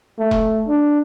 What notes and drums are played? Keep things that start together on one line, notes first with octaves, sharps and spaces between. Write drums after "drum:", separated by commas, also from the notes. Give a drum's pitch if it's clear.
A3
drum: kick E1
D4